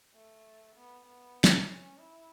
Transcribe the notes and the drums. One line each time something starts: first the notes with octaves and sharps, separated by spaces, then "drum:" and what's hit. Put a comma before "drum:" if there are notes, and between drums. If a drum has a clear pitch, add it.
A3
B3
B3
drum: snare
C#4
E4